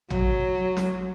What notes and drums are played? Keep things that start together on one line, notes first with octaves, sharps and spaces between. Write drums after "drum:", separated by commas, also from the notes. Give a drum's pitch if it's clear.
F#3, drum: tom
drum: snare